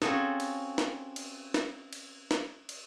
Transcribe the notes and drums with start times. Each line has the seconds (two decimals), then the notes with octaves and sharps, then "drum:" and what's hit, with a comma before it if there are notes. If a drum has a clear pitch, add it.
0.02 C4 C#4 F4 F#4 G#4 A4, drum: snare
0.40 drum: cymbal
0.78 drum: snare
1.16 drum: cymbal
1.54 drum: snare
1.93 drum: cymbal
2.31 drum: snare
2.69 drum: cymbal